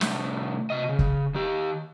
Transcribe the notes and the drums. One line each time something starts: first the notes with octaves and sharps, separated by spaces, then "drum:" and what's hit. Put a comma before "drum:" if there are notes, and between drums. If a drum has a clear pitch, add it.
C2 A3, drum: snare
C3 D#5
C#3
drum: kick
D#3 G4